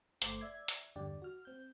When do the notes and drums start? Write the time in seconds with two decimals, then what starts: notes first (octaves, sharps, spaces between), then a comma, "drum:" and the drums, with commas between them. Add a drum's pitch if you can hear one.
0.22 G1 A3 C5 D6 C7, drum: hi-hat
0.41 D5 E5 G#6
0.68 drum: hi-hat
0.96 E2 G2 D3 G4 D5
1.22 F#4 F6
1.45 C4 G6